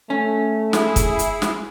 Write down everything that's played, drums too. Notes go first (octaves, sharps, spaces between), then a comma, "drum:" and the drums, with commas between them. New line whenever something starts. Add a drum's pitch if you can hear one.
A3 C#4
E4 G#4, drum: snare
drum: kick, hi-hat
drum: hi-hat
drum: snare